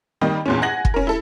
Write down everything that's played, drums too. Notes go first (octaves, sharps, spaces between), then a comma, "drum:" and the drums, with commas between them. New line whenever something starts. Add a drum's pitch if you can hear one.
D#3 G3 A#3 D#5
E2 A#2 C#4
F#5 G#5 G#6 A#6 F#7
drum: kick
C#4 A#4
E4 A4